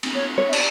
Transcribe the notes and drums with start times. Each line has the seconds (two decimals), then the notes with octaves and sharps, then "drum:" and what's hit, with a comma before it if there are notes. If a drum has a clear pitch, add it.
0.03 drum: cymbal
0.15 C#5
0.38 C#5
0.48 E5
0.53 D5, drum: cymbal